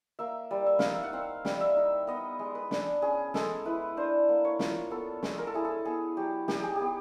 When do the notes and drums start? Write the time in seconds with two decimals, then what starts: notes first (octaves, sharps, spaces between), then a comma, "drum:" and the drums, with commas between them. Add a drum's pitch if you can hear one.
0.19 A#3 E5
0.51 G3
0.66 E5
0.79 D#4 F5, drum: snare
0.93 E5
1.03 F#5
1.13 C4 F5
1.45 G3, drum: snare
1.61 E5
1.76 D#4
2.07 B3 D#5
2.39 G#3
2.55 B4
2.71 D4, drum: snare
3.02 C#4 G#4
3.34 G#3 A4, drum: snare
3.65 E4 B4
3.97 D4 C5
4.29 A#3
4.45 C#5
4.59 F4, drum: snare
4.91 B3 A4
5.23 G#3, drum: snare
5.38 A#4
5.47 A4
5.54 E4 G#4
5.65 A4
5.85 B3 G#4
6.17 F#3 G4
6.48 D#4 G4, drum: snare
6.62 G#4
6.75 B3 G4